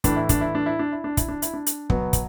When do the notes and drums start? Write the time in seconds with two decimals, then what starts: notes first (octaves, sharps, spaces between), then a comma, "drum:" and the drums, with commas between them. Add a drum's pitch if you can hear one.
0.04 A2 E3 D4, drum: kick, hi-hat
0.16 E4
0.29 D4, drum: kick, hi-hat
0.41 E4
0.55 D4
0.66 E4
0.79 D4
0.92 E4
1.04 D4
1.17 E4, drum: kick, hi-hat
1.28 D4
1.42 E4, drum: hi-hat
1.53 D4
1.67 drum: hi-hat
1.90 B2 F#3 B3, drum: kick
2.13 drum: kick, hi-hat